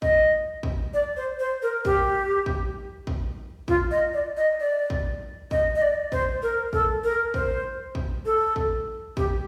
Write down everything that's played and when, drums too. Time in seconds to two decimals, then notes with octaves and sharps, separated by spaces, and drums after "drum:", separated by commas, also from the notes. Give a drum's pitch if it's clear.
0.02 D#5, drum: kick
0.63 drum: kick
0.94 D5
1.17 C5
1.39 C5
1.62 A#4
1.85 G4, drum: kick
2.46 drum: kick
3.07 drum: kick
3.68 F4, drum: kick
3.91 D#5
4.14 D5
4.37 D#5
4.60 D5
4.90 drum: kick
5.51 D#5, drum: kick
5.75 D#5
5.82 D5
6.12 C5, drum: kick
6.42 A#4
6.73 A4, drum: kick
7.04 A#4
7.34 C5, drum: kick
7.95 drum: kick
8.26 A4
8.56 drum: kick
9.17 G4, drum: kick